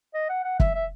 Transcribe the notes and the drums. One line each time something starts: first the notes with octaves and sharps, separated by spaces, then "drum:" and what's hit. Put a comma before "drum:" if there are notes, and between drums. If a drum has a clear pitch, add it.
D#5
F#5
F#5
E5, drum: kick
E5